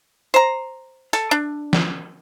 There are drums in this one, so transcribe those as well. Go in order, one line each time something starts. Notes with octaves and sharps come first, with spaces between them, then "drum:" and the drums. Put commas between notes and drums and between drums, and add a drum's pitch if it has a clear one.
C5 A#5
A4, drum: hi-hat
D4
drum: snare